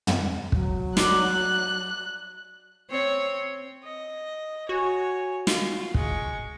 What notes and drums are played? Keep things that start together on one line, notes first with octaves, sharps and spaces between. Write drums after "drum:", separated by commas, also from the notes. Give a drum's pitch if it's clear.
drum: tom
F#3, drum: kick
D5 F#6, drum: snare
C4 C#5
D#5
F#4 C#5 G#5
F4, drum: snare
G#3 C#6, drum: kick